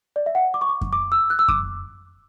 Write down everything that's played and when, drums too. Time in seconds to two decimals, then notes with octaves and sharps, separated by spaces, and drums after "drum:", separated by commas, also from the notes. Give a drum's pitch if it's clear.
0.16 D5
0.26 E5
0.35 F#5
0.54 D6
0.61 C#6
0.69 D6
0.81 drum: kick F#2
0.93 D6
1.12 E6
1.30 F#6
1.39 E6
1.48 D6, drum: kick F#2